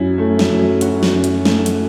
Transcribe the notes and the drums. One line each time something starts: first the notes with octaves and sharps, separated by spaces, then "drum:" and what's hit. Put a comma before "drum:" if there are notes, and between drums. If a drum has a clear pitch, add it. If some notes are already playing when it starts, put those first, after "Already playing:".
Already playing: F#2 F#3 E4
A3
drum: snare
F#2
F#3 F#4, drum: hi-hat
drum: snare
F#2
drum: hi-hat
A3, drum: snare
drum: hi-hat